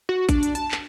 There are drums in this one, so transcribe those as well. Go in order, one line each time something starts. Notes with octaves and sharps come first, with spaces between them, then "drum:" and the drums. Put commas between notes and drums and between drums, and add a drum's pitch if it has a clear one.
F#4
D4, drum: kick A1, hi-hat
drum: hi-hat
A5, drum: hi-hat
drum: clap